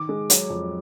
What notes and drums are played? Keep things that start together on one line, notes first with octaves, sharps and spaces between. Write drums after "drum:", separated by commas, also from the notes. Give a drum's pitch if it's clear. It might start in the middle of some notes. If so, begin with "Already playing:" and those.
Already playing: D#3 D6
G#3
F#3, drum: hi-hat
F2